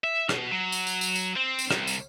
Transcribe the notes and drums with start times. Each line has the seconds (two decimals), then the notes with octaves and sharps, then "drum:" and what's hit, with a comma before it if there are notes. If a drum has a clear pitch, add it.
0.04 E5
0.29 B2, drum: rim click
0.51 F#3
0.72 drum: tambourine
0.87 drum: tambourine
1.01 drum: tambourine
1.15 drum: tambourine
1.36 C4
1.59 drum: tambourine
1.71 C2, drum: rim click
1.87 drum: tambourine